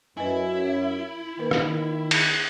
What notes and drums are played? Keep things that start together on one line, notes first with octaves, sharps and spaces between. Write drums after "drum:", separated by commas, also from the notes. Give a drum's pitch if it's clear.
F#2 E4 B4 D#5 G#5
D#3 A#3 A#4 B4
drum: rim click
drum: cymbal